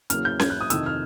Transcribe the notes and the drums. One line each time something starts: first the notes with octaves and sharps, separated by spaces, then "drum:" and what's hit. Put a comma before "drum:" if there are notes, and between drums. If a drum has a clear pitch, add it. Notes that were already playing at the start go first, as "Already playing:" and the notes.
E2 C#3 F#3 A#3 F6, drum: hi-hat
G6
G#6, drum: snare C#4
F#6
D#6
F2 C3 D#3 E6, drum: hi-hat
F6